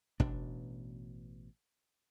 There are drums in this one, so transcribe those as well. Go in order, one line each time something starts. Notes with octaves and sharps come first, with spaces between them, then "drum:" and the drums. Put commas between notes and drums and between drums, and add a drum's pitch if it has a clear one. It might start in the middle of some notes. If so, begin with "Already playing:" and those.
A1 B2 D4, drum: kick